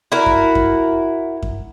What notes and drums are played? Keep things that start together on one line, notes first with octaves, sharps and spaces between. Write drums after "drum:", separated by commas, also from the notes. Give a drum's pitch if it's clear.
E4 F#4 A#4
drum: kick F#2
drum: kick F#2
drum: kick F#2